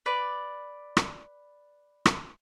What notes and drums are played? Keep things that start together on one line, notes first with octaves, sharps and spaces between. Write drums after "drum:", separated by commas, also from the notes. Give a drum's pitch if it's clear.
B4 D5
drum: rim click
drum: rim click